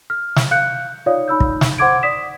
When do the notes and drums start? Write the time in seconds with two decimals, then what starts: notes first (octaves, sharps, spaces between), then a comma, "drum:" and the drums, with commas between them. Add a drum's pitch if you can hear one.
0.10 F6
0.36 drum: snare
0.51 F5 F#6 G6 C#7
1.06 D#4 F4 C#5 D5 F5 D#6
1.28 D#4 B5 E6 G6
1.40 drum: kick
1.61 drum: snare
1.78 C5 F#5 C6 D6 G#6 D7
2.03 D5 D#6 B6 E7